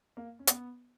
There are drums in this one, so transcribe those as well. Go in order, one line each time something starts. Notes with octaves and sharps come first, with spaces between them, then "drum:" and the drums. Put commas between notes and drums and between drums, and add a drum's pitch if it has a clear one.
A#3
C#4
B3, drum: hi-hat